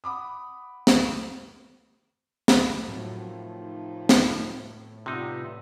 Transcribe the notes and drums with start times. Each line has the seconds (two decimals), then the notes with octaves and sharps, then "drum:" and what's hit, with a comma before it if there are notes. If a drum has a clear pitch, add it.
0.04 F#5 B5 D6 D#6
0.87 drum: snare
2.48 drum: snare
2.88 A2 C3 D#3 F3 F#3
3.54 D#4
4.09 drum: snare
5.06 C3 G3 B3 D#4 F4